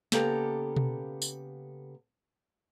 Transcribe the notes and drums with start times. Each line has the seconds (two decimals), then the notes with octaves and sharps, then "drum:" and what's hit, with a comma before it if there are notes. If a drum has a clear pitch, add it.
0.12 C#3 A#3 B3 G4 A4 A#5, drum: snare
0.77 drum: tom B2
1.22 drum: tambourine